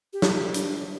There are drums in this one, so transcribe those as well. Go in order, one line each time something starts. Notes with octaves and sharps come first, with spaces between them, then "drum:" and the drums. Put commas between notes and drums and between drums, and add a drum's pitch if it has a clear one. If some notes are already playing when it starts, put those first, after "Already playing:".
G4
drum: snare
D4, drum: hi-hat